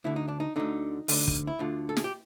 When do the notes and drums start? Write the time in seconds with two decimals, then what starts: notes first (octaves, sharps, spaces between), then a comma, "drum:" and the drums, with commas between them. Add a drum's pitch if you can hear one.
0.04 D2 D3 E4
0.16 D#4
0.28 D4
0.40 D#4
0.56 D2 D3 D#4
1.08 D2 D3, drum: open hi-hat
1.28 drum: kick
1.47 E4
1.59 D2 D3 F4
1.89 A4
1.97 G#4, drum: snare
2.04 G4